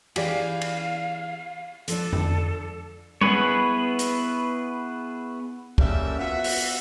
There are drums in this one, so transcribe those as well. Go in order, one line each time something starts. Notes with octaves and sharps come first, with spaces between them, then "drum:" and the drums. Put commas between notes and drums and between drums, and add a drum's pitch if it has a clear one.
E3 G4 G#4 D5 F5, drum: cymbal
drum: cymbal
F3 D4 A4, drum: hi-hat
drum: tom F2
B3 E4 G#4 B4 C#5, drum: tom G3
drum: hi-hat
F#2 C#3 G3 A#3 A4 E5, drum: kick
B3 F4 F#4 E5
drum: open hi-hat